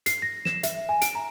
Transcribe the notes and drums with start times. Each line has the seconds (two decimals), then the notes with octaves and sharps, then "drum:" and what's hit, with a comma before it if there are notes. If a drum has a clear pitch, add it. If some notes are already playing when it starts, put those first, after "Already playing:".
0.06 C7, drum: hi-hat
0.22 A#6
0.45 E7, drum: snare
0.63 E5, drum: hi-hat
0.89 G#5
1.02 D7, drum: hi-hat
1.15 A#5